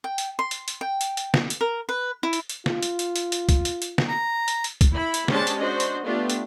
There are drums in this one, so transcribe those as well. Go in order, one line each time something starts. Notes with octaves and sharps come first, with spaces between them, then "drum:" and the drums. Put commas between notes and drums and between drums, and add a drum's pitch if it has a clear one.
G5
drum: hi-hat
C6
drum: hi-hat
drum: hi-hat
G5
drum: hi-hat
drum: hi-hat
drum: snare
drum: hi-hat
A#4
B4
E4
drum: hi-hat
drum: hi-hat
F4, drum: snare
drum: hi-hat
drum: hi-hat
drum: hi-hat
drum: hi-hat
drum: kick, hi-hat
drum: hi-hat
drum: hi-hat
drum: snare
A#5
drum: hi-hat
drum: hi-hat
drum: kick, hi-hat
E4 B5
drum: hi-hat
G#3 C#4 D4 G4 C5 A5, drum: snare
drum: hi-hat
D4 F#4 C5 D#5
drum: hi-hat
A3 B3 D4 F4 G4
drum: hi-hat